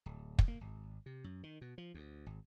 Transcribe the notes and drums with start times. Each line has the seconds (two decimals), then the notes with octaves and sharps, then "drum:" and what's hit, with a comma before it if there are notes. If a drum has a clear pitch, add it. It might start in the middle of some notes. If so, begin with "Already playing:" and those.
0.06 D1
0.39 drum: kick
0.48 A#3
0.61 G#1
1.06 C3
1.24 F#2
1.43 D#3
1.61 B2
1.78 F3
1.94 D2
2.26 G#1